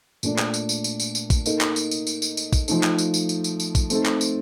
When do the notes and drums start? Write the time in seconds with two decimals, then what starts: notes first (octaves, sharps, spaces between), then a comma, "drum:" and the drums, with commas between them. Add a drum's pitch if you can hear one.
0.23 A#2 A3 D4, drum: tambourine
0.38 drum: clap
0.54 drum: tambourine
0.69 drum: tambourine
0.84 drum: tambourine
1.00 drum: tambourine
1.15 drum: tambourine
1.30 drum: kick, tambourine
1.46 A#3 D#4 A4 D#5, drum: tambourine
1.61 drum: clap
1.76 drum: tambourine
1.91 drum: tambourine
2.07 drum: tambourine
2.22 drum: tambourine
2.37 drum: tambourine
2.53 drum: kick, tambourine
2.68 F3 A3 D#4 A4, drum: tambourine
2.83 drum: clap
2.98 drum: tambourine
3.14 drum: tambourine
3.29 drum: tambourine
3.44 drum: tambourine
3.60 drum: tambourine
3.75 drum: kick, tambourine
3.90 A3 C4 D#4 A4, drum: tambourine
4.06 drum: clap
4.21 drum: tambourine